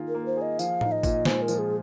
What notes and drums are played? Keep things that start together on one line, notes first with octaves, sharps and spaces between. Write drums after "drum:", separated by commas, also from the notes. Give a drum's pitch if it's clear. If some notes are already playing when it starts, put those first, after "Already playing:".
Already playing: D#3 A#3 F4 G#4
A#4
A#3
C5
G#4 D#5
F3 F5, drum: tambourine
D#4, drum: tom A2
D#5
A#2, drum: kick G#1, tambourine
G#3 C5, drum: snare
A#4
F3, drum: tambourine
G#4